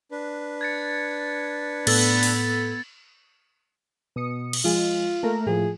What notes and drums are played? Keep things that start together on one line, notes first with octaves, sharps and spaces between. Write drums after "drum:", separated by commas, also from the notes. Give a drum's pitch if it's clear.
D4 B4
G#6 A6 C#7
A2 B3 A4 E6 A6, drum: cymbal
drum: open hi-hat
B2 D#6 C#7
drum: cymbal
F3 G#3 F4
A3 A#3 A#4
A2 F3 G#4